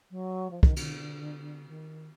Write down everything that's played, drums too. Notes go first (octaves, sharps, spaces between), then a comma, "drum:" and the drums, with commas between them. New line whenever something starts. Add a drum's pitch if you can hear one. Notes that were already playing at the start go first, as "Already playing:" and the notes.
F#3
F3
D#3, drum: kick
D3, drum: cymbal
D#3